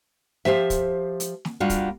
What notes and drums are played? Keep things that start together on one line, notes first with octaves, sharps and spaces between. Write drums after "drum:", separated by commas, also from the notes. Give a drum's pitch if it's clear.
F3 G4 C5 E5, drum: snare
drum: kick, hi-hat
drum: hi-hat
drum: snare
G3 A#3 D4 F4 F#4
drum: kick, hi-hat